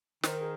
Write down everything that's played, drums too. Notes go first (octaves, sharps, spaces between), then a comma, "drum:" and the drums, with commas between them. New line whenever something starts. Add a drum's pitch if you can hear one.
D#3 C5, drum: snare
A#4
G#4